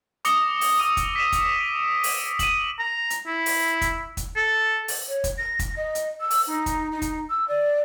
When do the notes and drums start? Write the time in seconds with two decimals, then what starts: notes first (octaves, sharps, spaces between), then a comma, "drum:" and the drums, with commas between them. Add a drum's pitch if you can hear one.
0.25 D6 D#6 A#6 C#7 G7, drum: hi-hat
0.61 drum: open hi-hat
0.80 D#6 E6 D#7
0.97 drum: kick, hi-hat
1.16 B6 D#7 E7
1.32 drum: kick, hi-hat
1.60 D7
2.04 drum: open hi-hat
2.39 D#7 E7 F#7, drum: kick, hi-hat
2.79 A#5
3.10 drum: hi-hat
3.27 E4
3.46 drum: open hi-hat
3.81 drum: kick, hi-hat
4.17 drum: kick, hi-hat
4.36 A4
4.88 drum: open hi-hat
5.08 C#5
5.24 drum: kick, hi-hat
5.37 A#6
5.59 drum: kick, hi-hat
5.76 D#5
5.95 drum: hi-hat
6.20 E6
6.30 drum: open hi-hat
6.47 D#4
6.66 drum: kick, hi-hat
6.91 D#4
7.02 drum: kick, hi-hat
7.30 E6
7.48 D5